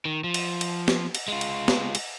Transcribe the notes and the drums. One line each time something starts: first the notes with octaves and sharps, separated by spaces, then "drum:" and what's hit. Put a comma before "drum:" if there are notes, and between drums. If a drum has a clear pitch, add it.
D#3
F3
drum: cymbal
drum: cymbal
drum: snare
drum: cymbal
G#3 F4
drum: cymbal
drum: snare
drum: cymbal